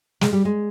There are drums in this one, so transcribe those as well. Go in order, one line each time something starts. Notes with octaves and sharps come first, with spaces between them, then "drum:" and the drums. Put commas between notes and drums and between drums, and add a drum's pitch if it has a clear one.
G#3, drum: snare
G3
G#3